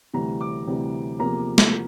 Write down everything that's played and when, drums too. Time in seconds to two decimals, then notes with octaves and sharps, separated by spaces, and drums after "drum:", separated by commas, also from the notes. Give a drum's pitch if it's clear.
0.14 D2 C3 E3 G3 A#5
0.41 D6
0.67 D2 C3 E3 G3
1.19 E2 C3 F3 A#3 A#5
1.58 drum: snare